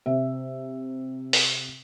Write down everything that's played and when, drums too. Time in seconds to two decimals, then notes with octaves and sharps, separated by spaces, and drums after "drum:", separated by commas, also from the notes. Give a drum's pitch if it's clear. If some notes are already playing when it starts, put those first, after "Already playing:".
0.06 C3 E5
1.33 drum: open hi-hat